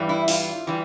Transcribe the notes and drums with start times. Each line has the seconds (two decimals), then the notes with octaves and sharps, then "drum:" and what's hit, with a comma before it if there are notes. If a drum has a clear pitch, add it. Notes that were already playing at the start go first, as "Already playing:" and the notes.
Already playing: G2 E3 G3
0.09 E4
0.28 F4, drum: open hi-hat
0.67 E3 G3